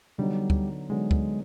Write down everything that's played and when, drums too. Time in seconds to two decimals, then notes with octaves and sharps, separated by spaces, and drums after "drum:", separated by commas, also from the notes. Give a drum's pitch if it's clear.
0.18 D3 F#3 G3 B3 D#4
0.50 drum: kick
0.90 D3 F#3 G#3 B3 D#4
1.11 drum: kick